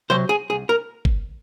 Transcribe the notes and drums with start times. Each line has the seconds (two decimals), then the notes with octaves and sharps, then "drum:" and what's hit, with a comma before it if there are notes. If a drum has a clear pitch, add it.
0.10 C3 F#3 C5
0.29 G#4
0.50 C2 G#4
0.69 A#4
1.05 drum: kick G1